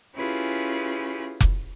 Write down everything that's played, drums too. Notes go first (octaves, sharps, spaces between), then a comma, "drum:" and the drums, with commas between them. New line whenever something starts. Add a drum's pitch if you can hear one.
C#4 E4 F4 G4 G#4 B4
drum: kick F1